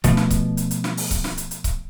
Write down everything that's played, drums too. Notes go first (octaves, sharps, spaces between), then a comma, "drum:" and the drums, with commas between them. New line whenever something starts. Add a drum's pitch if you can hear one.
B2 F3 A3, drum: kick C#1, hi-hat
drum: snare
drum: kick C#1, hi-hat
drum: hi-hat
drum: hi-hat
drum: snare
drum: open hi-hat
drum: kick C#1, hi-hat
drum: snare
drum: hi-hat
drum: hi-hat
drum: kick C#1, hi-hat